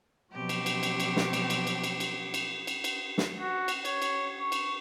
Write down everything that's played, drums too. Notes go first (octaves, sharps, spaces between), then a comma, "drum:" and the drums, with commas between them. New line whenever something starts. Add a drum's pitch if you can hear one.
B2 F3 F#3 C4 G4
drum: cymbal
drum: cymbal
drum: cymbal
drum: cymbal
drum: snare
drum: cymbal
drum: cymbal
drum: cymbal
drum: cymbal
drum: cymbal
drum: cymbal
drum: cymbal
drum: cymbal
drum: snare
F#4
drum: cymbal
C#5, drum: cymbal
drum: cymbal
C#6
drum: cymbal